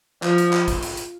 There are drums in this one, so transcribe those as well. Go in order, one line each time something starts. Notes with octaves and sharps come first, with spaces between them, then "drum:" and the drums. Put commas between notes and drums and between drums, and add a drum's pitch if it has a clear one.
F3, drum: clap
drum: hi-hat
drum: clap
drum: kick, hi-hat
drum: hi-hat
drum: hi-hat